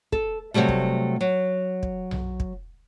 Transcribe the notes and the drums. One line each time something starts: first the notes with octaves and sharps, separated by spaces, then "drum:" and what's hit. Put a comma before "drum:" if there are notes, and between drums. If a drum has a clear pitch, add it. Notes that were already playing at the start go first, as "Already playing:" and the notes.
A4, drum: kick
C3 E3 F#3 G3 A3
drum: kick
F#3
drum: kick
drum: tom B1
drum: kick